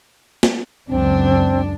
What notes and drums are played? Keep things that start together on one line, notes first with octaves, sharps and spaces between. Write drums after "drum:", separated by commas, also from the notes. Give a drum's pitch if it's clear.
drum: snare
C#2 F#2 C4 D4